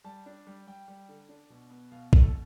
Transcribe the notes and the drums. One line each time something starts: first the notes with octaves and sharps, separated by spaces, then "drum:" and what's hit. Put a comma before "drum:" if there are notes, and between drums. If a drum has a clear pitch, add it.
G3 A5
D4
G3
G3 G5
G3
D3
D4
B2
B3
B2 F5
B2, drum: kick A#1
A4